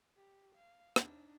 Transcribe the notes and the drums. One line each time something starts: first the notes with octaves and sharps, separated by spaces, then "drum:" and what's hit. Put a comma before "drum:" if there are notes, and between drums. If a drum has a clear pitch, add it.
G4
F5
D4 D#4, drum: rim click